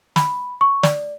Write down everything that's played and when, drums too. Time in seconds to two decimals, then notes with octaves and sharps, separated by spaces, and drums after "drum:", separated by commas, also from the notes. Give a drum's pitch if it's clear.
0.16 B5, drum: snare
0.61 C#6
0.83 D5, drum: snare